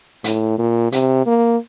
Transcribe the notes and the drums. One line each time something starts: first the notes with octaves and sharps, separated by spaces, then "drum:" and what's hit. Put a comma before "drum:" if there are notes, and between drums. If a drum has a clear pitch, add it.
A2, drum: hi-hat
A#2
C3, drum: hi-hat
A#3